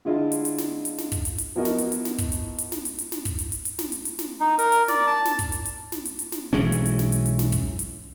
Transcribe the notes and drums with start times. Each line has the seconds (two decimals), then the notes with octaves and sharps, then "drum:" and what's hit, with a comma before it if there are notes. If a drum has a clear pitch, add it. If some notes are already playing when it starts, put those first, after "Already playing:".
0.05 D3 G#3 E4 F4 D#5
0.32 drum: hi-hat
0.45 drum: hi-hat
0.58 drum: snare
0.85 drum: hi-hat
0.98 drum: snare
1.12 drum: kick, hi-hat
1.25 drum: hi-hat
1.38 drum: hi-hat
1.56 F3 B3 E4 F#4 A#4 D#5
1.65 drum: snare
1.78 drum: hi-hat
1.92 drum: hi-hat
2.05 drum: snare
2.18 drum: kick, hi-hat
2.32 drum: hi-hat
2.58 drum: hi-hat
2.72 drum: snare
2.85 drum: hi-hat
2.99 drum: hi-hat
3.12 drum: snare
3.25 drum: kick, hi-hat
3.39 drum: hi-hat
3.52 drum: hi-hat
3.65 drum: hi-hat
3.79 drum: snare
3.92 drum: hi-hat
4.05 drum: hi-hat
4.19 drum: snare
4.40 D#4
4.59 A#4, drum: hi-hat
4.72 drum: hi-hat
4.88 D5, drum: snare
5.07 A5
5.25 drum: snare
5.39 drum: kick, hi-hat
5.52 drum: hi-hat
5.65 drum: hi-hat
5.92 drum: snare
6.05 drum: hi-hat
6.19 drum: hi-hat
6.32 drum: snare
6.53 B1 E3 G#3 C#4
6.72 drum: hi-hat
6.86 drum: hi-hat
6.99 drum: snare
7.12 drum: hi-hat
7.26 drum: hi-hat
7.39 drum: snare
7.52 drum: kick, hi-hat
7.79 drum: hi-hat